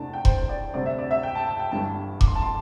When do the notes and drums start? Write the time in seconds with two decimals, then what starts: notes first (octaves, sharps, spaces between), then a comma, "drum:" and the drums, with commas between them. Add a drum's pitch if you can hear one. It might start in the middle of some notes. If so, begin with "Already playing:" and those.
Already playing: E2 C3 A3 D4 A5
0.13 G5
0.25 C5, drum: kick E1
0.49 D5
0.73 D2 C3 G3 C4 D5
0.86 E5
0.99 D5
1.11 E5
1.23 G5
1.35 A5
1.48 A5
1.59 G5
1.72 G1 G2 E3 G3 E4 A5
2.21 D6, drum: kick E1
2.28 C6
2.35 A5
2.42 C6